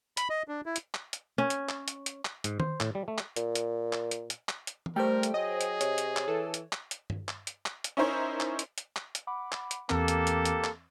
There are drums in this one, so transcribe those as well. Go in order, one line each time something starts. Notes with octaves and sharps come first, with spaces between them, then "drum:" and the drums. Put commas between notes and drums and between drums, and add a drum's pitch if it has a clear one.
B5, drum: hi-hat
D#5
D4
E4
drum: hi-hat
drum: clap
drum: hi-hat
C#4
drum: hi-hat
drum: clap
drum: hi-hat
drum: hi-hat
drum: clap
G#2, drum: hi-hat
C5, drum: tom D#3
A2, drum: clap
G3
A3
drum: clap
A#2, drum: hi-hat
drum: hi-hat
drum: clap
drum: hi-hat
drum: hi-hat
drum: clap
drum: hi-hat
drum: tom
G3 A3 A#4 C5 G5
drum: hi-hat
F#3 G#4 D#5
drum: hi-hat
C3 C#5, drum: hi-hat
drum: hi-hat
drum: clap
E3 A4
drum: hi-hat
drum: clap
drum: hi-hat
drum: tom G2
drum: clap
drum: hi-hat
drum: clap
drum: hi-hat
C#4 D#4 E4 A#4 C5 C#5
drum: clap
drum: hi-hat
drum: hi-hat
drum: clap
drum: hi-hat
F#5 B5 D6
drum: clap
drum: hi-hat
E2 E3 A#3 C4 G4 A4, drum: clap
drum: hi-hat
drum: hi-hat
drum: hi-hat
drum: clap